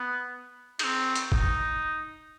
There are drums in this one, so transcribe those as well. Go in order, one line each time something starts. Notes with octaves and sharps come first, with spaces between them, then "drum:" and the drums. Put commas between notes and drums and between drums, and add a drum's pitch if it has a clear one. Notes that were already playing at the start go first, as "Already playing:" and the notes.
Already playing: B3
D#4, drum: cymbal
C4
drum: hi-hat
D#4, drum: kick